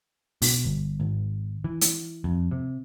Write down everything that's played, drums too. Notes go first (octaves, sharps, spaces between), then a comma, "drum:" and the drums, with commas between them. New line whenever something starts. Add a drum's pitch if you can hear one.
B2, drum: open hi-hat
G1
G#1
E3
drum: hi-hat
F2
C3